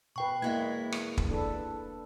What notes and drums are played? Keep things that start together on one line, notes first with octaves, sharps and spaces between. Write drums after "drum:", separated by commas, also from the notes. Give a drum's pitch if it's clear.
B2 B4 G5 C#6
E2 G#3 A#3 E4 F5 G#6
drum: rim click
drum: kick
D4 A4 B4